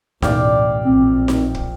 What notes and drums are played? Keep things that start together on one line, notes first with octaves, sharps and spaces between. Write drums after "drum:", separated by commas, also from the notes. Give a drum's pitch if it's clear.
A1 D2 G#2 B2 D5 F5 G5, drum: snare D#4
A#1 C4
drum: snare D#4
drum: kick